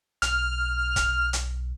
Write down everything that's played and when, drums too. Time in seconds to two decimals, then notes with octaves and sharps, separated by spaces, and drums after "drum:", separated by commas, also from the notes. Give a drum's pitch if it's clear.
0.22 B1 F6, drum: hi-hat
0.96 drum: kick, hi-hat
1.33 drum: hi-hat